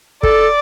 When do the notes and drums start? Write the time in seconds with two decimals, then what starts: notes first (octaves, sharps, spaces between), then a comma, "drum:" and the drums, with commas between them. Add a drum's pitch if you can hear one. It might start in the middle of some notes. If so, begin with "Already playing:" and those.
0.23 A4 D5, drum: kick